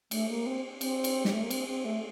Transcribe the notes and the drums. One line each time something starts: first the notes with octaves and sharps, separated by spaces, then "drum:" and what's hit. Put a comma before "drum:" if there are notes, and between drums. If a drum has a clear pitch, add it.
A3, drum: cymbal
A#3
C4
C4, drum: cymbal
drum: cymbal
G3, drum: snare
A3
A#3
C4, drum: cymbal
C4
A3